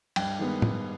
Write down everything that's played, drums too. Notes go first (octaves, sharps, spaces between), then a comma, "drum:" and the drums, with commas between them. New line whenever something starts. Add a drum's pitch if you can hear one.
G2 G5, drum: cymbal
D#3 G#3 B3
G2, drum: tom A2